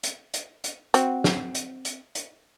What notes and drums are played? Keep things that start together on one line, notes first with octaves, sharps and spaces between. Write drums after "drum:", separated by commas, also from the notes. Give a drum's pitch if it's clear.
drum: hi-hat
drum: hi-hat
drum: hi-hat
C4 F#4, drum: hi-hat
drum: snare
drum: hi-hat
drum: hi-hat
drum: hi-hat